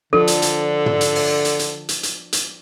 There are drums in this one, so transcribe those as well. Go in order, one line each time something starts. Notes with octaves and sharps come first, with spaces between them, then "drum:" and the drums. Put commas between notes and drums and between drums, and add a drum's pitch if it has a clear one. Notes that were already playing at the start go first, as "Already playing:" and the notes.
D3 F3 D4 A4
drum: hi-hat
drum: hi-hat
drum: tom
drum: hi-hat
drum: open hi-hat
drum: hi-hat
drum: hi-hat
drum: hi-hat
drum: hi-hat
drum: hi-hat